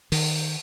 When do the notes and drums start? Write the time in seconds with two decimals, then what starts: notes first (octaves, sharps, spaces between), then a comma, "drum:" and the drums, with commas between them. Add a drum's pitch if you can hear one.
0.12 D#3, drum: open hi-hat